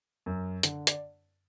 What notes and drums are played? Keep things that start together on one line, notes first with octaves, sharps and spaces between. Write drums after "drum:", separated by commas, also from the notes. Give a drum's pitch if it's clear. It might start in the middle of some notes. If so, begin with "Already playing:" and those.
F#2
D3, drum: hi-hat
D5, drum: hi-hat